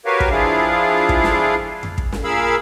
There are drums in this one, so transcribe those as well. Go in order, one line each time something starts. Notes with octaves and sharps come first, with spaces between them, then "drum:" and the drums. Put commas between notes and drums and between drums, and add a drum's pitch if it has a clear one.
F#4 G4 A#4 B4 C#5 F5
drum: kick
F3 D4 E4 F4 G#4 F5
drum: kick
drum: snare
drum: tom F2
drum: kick
drum: snare
A#2 G#4 A#4 F5 B5 E6